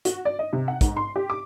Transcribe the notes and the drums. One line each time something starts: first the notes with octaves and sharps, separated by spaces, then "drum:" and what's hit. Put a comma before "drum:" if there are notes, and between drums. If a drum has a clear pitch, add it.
F#4, drum: hi-hat
D5
D#5
C3
F#5
G#2, drum: kick, hi-hat
C6
G4
D6